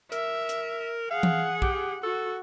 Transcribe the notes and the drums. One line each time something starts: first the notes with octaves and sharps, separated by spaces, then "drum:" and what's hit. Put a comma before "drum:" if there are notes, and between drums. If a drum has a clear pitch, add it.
A#4 E5, drum: hi-hat
drum: hi-hat
G#4 F5 F#5
drum: tom E3
G4, drum: kick
F#4 A4